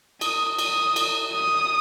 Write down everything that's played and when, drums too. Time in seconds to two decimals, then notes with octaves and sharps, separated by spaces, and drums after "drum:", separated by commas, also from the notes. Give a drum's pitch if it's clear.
0.21 D#6, drum: cymbal
0.59 D#6, drum: cymbal
0.96 drum: cymbal
1.34 D#6